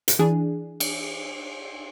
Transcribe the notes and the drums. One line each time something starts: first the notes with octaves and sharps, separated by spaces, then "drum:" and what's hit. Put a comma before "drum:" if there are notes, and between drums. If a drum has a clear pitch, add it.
drum: hi-hat
E3 D4 G#4
drum: cymbal